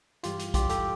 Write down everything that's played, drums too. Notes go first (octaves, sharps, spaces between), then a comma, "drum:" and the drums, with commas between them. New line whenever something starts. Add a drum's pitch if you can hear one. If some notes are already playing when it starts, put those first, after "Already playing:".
G2 E3 G3 F4 G4, drum: hi-hat
drum: hi-hat
G2 E3 G3 F4 G4, drum: kick, hi-hat
G4 A4, drum: hi-hat